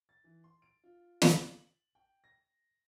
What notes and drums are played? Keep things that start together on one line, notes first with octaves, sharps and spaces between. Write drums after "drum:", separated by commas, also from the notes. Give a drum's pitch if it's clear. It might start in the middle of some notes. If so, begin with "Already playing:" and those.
A6
E3
C6
D7
F4
D3, drum: snare
F#7
G5
A#6